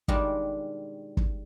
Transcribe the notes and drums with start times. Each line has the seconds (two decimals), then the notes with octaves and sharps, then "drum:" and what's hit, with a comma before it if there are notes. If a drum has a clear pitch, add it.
0.08 B2 D#3 G3 G#3 D4 F4, drum: kick
1.17 drum: kick